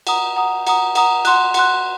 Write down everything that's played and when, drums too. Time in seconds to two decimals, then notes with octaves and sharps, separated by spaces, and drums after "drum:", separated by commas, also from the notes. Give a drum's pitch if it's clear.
0.07 F#5 A#5 D#6, drum: cymbal
0.36 F#5 A#5 D#6
0.67 F#5 A#5 D#6, drum: cymbal
0.95 F#5 A#5 D#6, drum: cymbal
1.25 F#5 C6 F#6, drum: cymbal
1.54 F#5 C6 F#6, drum: cymbal